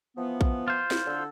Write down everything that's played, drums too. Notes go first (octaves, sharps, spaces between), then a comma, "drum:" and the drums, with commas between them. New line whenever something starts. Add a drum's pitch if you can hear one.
E3 F3 B3
drum: kick A#1
F4 C5
drum: snare
D3 A4